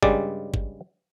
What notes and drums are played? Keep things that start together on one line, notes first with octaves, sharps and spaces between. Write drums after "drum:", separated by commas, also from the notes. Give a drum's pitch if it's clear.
G2 C#3 G3 G#3 D5, drum: kick
drum: kick